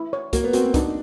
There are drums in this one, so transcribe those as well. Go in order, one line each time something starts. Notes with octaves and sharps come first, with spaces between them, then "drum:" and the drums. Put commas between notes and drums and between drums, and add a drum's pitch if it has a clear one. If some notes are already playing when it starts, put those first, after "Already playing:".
Already playing: E4
C#5
A#3 F#4, drum: kick, hi-hat
B3
C4 F#4, drum: hi-hat
C4
D4 D#4, drum: kick, hi-hat